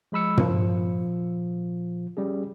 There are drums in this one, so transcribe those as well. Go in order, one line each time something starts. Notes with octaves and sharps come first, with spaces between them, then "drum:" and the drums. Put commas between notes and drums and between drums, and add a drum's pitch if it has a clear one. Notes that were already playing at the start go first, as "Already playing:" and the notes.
F3 G#3 B5 E6 C#7
A#2 F3, drum: tom
G3 C#4 G#4